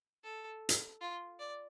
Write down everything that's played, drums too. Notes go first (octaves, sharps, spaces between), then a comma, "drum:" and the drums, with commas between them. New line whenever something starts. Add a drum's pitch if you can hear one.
A4
drum: hi-hat
F4
D5